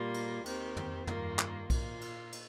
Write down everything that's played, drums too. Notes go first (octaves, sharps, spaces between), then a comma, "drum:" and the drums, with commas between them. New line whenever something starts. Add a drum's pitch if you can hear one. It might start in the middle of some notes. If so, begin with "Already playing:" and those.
Already playing: A#2 G3 A#3 F4
drum: cymbal
D#2 D#3 C4 G4, drum: cymbal
drum: tom
G2 D#3 A#3 F4, drum: tom
drum: clap
A#2 A#3 F4, drum: kick B1, cymbal
drum: cymbal
drum: cymbal